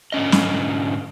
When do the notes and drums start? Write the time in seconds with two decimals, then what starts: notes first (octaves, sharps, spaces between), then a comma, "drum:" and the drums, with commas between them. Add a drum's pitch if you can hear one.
0.12 G#2 D3 C#4 D#5
0.32 drum: snare